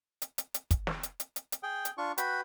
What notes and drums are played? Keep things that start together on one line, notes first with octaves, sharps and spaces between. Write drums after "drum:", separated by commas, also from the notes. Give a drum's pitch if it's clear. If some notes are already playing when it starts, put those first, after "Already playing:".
drum: hi-hat
drum: hi-hat
drum: hi-hat
drum: kick, hi-hat
drum: snare
drum: hi-hat
drum: hi-hat
drum: hi-hat
drum: hi-hat
G#4 G5
drum: hi-hat
D4 F4 C#6
F#4 B4 G5 B5, drum: hi-hat